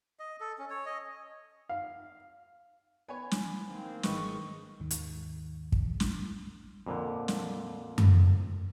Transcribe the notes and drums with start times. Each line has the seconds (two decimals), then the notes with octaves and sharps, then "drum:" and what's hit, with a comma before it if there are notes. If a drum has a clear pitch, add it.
0.19 D#5
0.40 A4
0.58 C#4
0.70 C#5
0.86 D#5
1.69 F5
3.08 B3 C#5 G#5
3.31 drum: snare
3.67 D#3 A#3 C4
4.03 G#1 D#4 B4 C#6, drum: snare
4.80 D#2 G#2 D#3
4.91 drum: hi-hat
5.72 drum: kick
6.00 drum: snare
6.86 F2 A#2 D3
7.28 drum: snare
7.98 drum: tom F#2